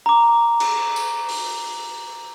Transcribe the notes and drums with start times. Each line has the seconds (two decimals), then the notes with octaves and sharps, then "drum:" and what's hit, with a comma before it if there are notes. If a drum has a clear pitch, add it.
0.06 A#5 D6
0.60 drum: cymbal
0.96 drum: tambourine
1.29 drum: open hi-hat